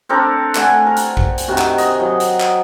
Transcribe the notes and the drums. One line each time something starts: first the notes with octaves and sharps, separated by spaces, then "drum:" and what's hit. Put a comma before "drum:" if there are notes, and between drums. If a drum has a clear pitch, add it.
C4 D4 A4 A#4
A3 D5 F#5 G#5, drum: clap
A#4
drum: hi-hat
drum: kick
drum: hi-hat
C3 D#3 F#4
drum: clap
D#5, drum: hi-hat
F#3
drum: hi-hat
drum: clap